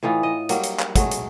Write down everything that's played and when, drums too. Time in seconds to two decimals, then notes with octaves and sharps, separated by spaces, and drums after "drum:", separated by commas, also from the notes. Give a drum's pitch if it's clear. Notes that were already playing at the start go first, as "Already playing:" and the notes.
0.03 A2 E3 D#4 F4
0.23 D#5
0.49 F#3 G3 A#3, drum: hi-hat
0.64 drum: hi-hat
0.80 drum: clap
0.96 F#3 G#3 A3, drum: kick, hi-hat
1.11 drum: hi-hat